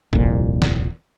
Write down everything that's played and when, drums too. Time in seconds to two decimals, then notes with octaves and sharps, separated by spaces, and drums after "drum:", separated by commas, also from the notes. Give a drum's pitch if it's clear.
0.13 D#1 C2 F2 A#2, drum: kick
0.62 drum: snare